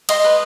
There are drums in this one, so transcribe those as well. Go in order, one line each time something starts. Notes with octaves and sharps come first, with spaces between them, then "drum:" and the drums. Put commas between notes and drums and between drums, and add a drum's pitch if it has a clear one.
D#5 C6 D#6, drum: cymbal
B4